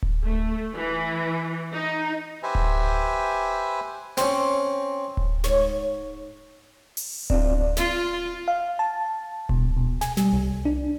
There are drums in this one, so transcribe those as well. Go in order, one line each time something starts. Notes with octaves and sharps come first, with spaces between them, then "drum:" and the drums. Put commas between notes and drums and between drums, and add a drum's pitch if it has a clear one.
drum: kick D1
A3
E3
D#4
G4 B4 C5 E5 G#5
drum: kick D1
C4 C#4, drum: snare
drum: kick D1
G#2 C#5, drum: snare
drum: open hi-hat
C4 D4 F4 D5, drum: kick D1
F4, drum: snare
F5
A5
B2, drum: kick D1
B2
G#5, drum: snare
G3, drum: snare
C2
D4